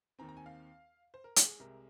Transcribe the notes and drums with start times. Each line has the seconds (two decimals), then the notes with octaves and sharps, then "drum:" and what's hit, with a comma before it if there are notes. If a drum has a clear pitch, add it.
0.19 D#2 D#3 C4 A#5
0.29 A#5
0.37 G#5
0.46 F5
1.14 C5
1.24 A#4
1.36 G#4, drum: hi-hat
1.48 G#4
1.59 C2 C3 G#3 A#4